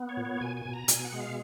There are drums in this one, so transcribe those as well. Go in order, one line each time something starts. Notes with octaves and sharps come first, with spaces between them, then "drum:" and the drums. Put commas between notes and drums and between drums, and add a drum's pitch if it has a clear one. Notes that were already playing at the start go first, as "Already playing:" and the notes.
Already playing: B3
C#5
A#2
C#5
B2 G#5
G#5
B2
A#5
B2 G#5, drum: hi-hat
F#5
G#3
F5